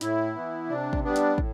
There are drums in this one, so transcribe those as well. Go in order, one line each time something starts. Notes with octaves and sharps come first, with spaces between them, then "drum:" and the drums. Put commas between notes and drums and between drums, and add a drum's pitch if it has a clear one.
A2 E4, drum: snare
E3 B3
C3 D4
drum: kick
G3 B3 D4
drum: snare
A2, drum: kick